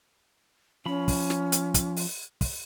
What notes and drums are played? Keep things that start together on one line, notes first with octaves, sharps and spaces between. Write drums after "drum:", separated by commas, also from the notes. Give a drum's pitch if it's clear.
F3 C#4 B5
drum: kick, open hi-hat
drum: snare
drum: hi-hat
drum: kick, hi-hat
drum: open hi-hat
drum: kick, open hi-hat